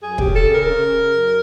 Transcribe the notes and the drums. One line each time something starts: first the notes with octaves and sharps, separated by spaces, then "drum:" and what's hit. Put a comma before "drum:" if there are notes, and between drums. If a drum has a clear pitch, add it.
F#2 G#4
G4, drum: kick
C#3
A4
C#3
A#4
C#3
C#3
F#2